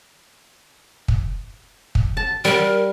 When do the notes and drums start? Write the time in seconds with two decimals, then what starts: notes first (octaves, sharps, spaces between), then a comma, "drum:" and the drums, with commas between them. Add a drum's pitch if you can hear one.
1.08 drum: kick
1.95 drum: kick
2.17 A5
2.45 G3 A#4